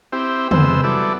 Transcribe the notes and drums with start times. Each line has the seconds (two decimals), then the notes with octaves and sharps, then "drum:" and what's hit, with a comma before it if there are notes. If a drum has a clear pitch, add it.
0.12 C4 E4 G4 C5
0.51 F2 G#3 B3 C4 C5 E6, drum: tom
0.84 F#3 G3 B3 E4 A4 D5